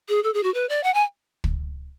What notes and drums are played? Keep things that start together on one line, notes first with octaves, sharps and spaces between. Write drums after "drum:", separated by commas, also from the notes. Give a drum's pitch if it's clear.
G#4
A4
G#4
F#4
B4
D5
F#5
G#5
drum: kick